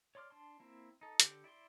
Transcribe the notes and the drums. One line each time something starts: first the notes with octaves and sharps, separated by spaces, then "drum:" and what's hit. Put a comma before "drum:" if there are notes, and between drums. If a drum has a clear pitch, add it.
C#5 D5 C6 D6 F6
D4 A5 C6
A#3 C4 E4
D#4 A4
D3 G4, drum: hi-hat
E4 D5 E5 C6